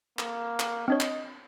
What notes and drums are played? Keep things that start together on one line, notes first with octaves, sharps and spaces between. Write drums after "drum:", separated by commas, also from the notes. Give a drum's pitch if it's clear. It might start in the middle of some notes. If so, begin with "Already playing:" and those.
A#3, drum: clap
drum: clap
C4 D4 C#5 D#5
drum: clap